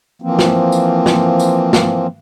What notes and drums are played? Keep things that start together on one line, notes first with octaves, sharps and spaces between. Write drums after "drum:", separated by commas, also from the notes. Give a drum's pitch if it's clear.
E3 F3 A#3 C4
drum: snare
drum: tambourine
drum: snare
drum: tambourine
drum: snare